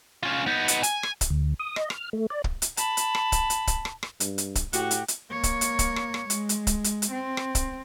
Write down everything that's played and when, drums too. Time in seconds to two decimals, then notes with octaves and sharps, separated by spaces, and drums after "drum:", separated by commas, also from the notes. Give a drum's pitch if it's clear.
0.23 C#4 F4
0.47 B3 D#4
0.68 drum: hi-hat
0.83 G#5, drum: hi-hat
1.03 drum: rim click
1.21 drum: kick, hi-hat
1.30 D2
1.59 D#6
1.76 D#5, drum: rim click
1.90 F6, drum: rim click
2.13 A3
2.30 D5
2.44 drum: kick
2.62 drum: hi-hat
2.77 A5 B5, drum: hi-hat
2.97 drum: hi-hat
3.15 drum: rim click
3.32 drum: kick, hi-hat
3.50 drum: hi-hat
3.67 drum: kick, hi-hat
3.85 drum: rim click
4.03 drum: rim click
4.20 G2, drum: hi-hat
4.38 drum: hi-hat
4.55 drum: kick, hi-hat
4.73 A2 F#4 G4, drum: hi-hat
4.91 drum: hi-hat
5.08 drum: hi-hat
5.31 A#3 C#5
5.43 drum: kick, hi-hat
5.61 drum: hi-hat
5.79 drum: kick, hi-hat
5.96 drum: rim click
6.14 drum: rim click
6.30 G#3, drum: hi-hat
6.49 drum: hi-hat
6.67 drum: kick, hi-hat
6.84 drum: hi-hat
7.02 drum: hi-hat
7.11 C4
7.37 drum: rim click
7.55 drum: kick, hi-hat